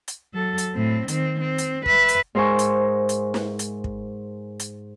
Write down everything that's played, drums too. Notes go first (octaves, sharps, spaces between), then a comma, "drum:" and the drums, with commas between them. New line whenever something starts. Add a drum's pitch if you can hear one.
drum: hi-hat
F#3 A4
drum: hi-hat
A2 C4
D#3 C4, drum: hi-hat
C4
drum: hi-hat
B4 E5, drum: kick
drum: hi-hat
G#2 A#4 C5 E5 G#5 C#6
drum: hi-hat
drum: hi-hat
drum: snare
drum: hi-hat
drum: kick
drum: hi-hat